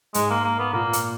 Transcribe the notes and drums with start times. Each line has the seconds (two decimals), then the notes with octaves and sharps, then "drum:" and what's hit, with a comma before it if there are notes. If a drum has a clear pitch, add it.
0.14 G#2 G#3, drum: hi-hat
0.30 A#3
0.44 A#3
0.59 B3
0.73 A#2 A#3
0.93 drum: hi-hat